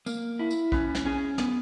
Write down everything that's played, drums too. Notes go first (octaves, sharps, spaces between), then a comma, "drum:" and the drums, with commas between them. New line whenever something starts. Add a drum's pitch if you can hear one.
A#3, drum: tambourine
E4
drum: tambourine
C#4 B4, drum: kick A#1
drum: snare
C#4 G#4
B3 B4, drum: snare